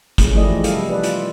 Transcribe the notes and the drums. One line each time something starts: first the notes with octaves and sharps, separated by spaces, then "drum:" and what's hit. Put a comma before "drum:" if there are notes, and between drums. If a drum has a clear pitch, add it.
G#3 A3 C#4, drum: kick G1, hi-hat
F3 A3 E4 G4 D5 D#5
E3 G#3
C3 G3 E4 A4 D#5 F5, drum: hi-hat
B4 D5
F4, drum: hi-hat